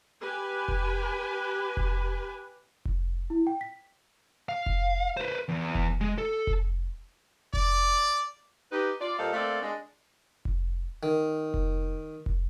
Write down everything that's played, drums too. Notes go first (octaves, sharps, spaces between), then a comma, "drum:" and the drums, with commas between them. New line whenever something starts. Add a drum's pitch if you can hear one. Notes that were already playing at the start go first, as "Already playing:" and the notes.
G4 B4 G#5
drum: kick F1
drum: kick F1
drum: kick F1
E4
G5
B6
F5
drum: kick F1
B4 C5
E2
drum: kick F1
G#3
A4
drum: kick F1
D5, drum: kick F1
D#4 G4 B4
F4 D5
A#2 G3 A4 C5 D#5 F5
A3 A#3 C4 A4 D5 F5
G#3 D4
drum: kick F1
D#3
drum: kick F1
drum: kick F1